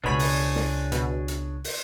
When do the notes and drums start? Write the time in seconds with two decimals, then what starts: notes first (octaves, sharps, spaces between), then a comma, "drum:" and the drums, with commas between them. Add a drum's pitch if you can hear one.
0.04 C#2 B2 D4 G#4 C#5 B5
0.19 drum: open hi-hat
0.56 drum: snare
0.92 B2, drum: hi-hat
1.28 drum: hi-hat
1.64 drum: open hi-hat